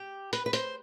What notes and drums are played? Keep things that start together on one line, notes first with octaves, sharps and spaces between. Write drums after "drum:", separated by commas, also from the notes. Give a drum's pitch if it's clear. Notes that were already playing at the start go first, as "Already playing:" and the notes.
Already playing: G4
B4, drum: hi-hat
B4
C5, drum: hi-hat